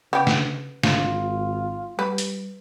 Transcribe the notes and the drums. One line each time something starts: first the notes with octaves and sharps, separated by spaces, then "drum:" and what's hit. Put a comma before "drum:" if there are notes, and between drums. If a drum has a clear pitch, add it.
C#3 B3 G4
drum: snare
G#1 F4, drum: snare
G3 B4
drum: hi-hat